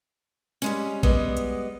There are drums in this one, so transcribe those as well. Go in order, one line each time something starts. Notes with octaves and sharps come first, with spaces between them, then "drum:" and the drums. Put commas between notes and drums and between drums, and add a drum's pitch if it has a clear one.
G3 G#3 C#4, drum: tambourine
G3 G#3 B3 D#5, drum: kick A1
drum: hi-hat